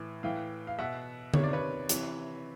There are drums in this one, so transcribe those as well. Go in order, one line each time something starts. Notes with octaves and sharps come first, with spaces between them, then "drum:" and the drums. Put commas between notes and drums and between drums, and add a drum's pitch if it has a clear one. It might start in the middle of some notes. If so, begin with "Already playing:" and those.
Already playing: A2 E3
A2 E3 F5 G5
F5
B2 E5 F#5
C3 D#3 C#5, drum: tom D3
D5
B4 C#5
C3 E3, drum: hi-hat